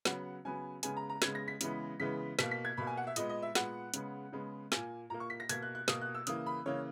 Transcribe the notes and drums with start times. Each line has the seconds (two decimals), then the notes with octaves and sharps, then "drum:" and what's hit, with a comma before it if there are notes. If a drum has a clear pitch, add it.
0.05 C#3 F#3 B3 F#5, drum: snare
0.45 C#3 F#3 B3 G#5
0.83 C#3 G#3 B3 G#5, drum: hi-hat
0.97 A#5
1.09 A#5
1.22 C#3 G#3 B3 G#6, drum: snare
1.35 A#6
1.48 B6
1.61 C#3 E3 G#3 B3, drum: hi-hat
2.00 C#3 E3 G#3 B3 B6
2.39 B2 A#3 B6, drum: snare
2.51 B6
2.65 G#6
2.77 B2 A#3 B5
2.87 G#5
2.97 F#5
3.07 E5
3.16 A#2 G#3 B3 D#5, drum: hi-hat
3.29 D#5
3.42 E5
3.55 A#2 G#3 B3 F#5, drum: snare
3.94 C#3 G#3 B3, drum: hi-hat
4.33 C#3 G#3 B3
4.72 A#2 A#3 G#5, drum: snare
5.10 A#2 A#3 A#5
5.20 C#6
5.30 B6
5.40 A#6
5.49 B2 A#3 G#6, drum: hi-hat
5.62 F#6
5.75 F#6
5.88 B2 A#3 D#6, drum: snare
6.01 F#6
6.15 E6
6.27 C#3 E3 A#3 D#6, drum: hi-hat
6.46 B5
6.66 C#3 E3 A#3 C#5